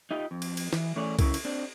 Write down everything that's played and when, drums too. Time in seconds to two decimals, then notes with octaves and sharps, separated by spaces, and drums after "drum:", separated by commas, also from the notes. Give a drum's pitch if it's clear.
0.11 D#4 F4 G4 D#5
0.31 F2
0.42 drum: cymbal
0.57 drum: cymbal
0.73 E3, drum: snare
0.96 E3 A3 C#4 G#4 C#5 D5
1.19 C#3 C#4 E4 A#4, drum: kick C2, cymbal
1.34 drum: cymbal
1.45 C4 D4